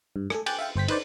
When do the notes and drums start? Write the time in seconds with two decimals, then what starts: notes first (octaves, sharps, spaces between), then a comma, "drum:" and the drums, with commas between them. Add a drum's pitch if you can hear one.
0.16 G2
0.30 A4 G#5, drum: rim click
0.46 G5 G#5 D6 F#6 G6 A6, drum: cymbal
0.59 E5 F5 G5
0.76 G1 C5 G5 B6
0.88 D#4 B4 C5 D5, drum: cymbal